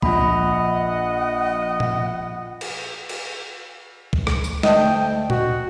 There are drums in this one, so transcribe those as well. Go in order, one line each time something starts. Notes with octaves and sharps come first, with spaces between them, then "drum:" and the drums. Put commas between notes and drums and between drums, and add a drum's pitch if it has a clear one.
A#1 F4 D#5 F#5 B5, drum: kick B1
drum: tom A#2
drum: cymbal
drum: cymbal
drum: kick B1
drum: rim click
drum: tambourine
D2 A3 D#5 G5, drum: snare
F#4, drum: tom A#2